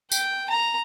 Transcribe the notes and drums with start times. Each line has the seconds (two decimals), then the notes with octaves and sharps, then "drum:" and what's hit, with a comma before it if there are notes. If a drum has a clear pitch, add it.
0.12 G5, drum: tambourine
0.50 A#5